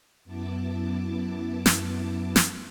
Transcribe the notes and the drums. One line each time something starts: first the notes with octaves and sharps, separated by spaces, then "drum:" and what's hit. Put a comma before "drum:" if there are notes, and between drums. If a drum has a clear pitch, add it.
F#2 B3 E4 A5 D6
drum: snare
drum: snare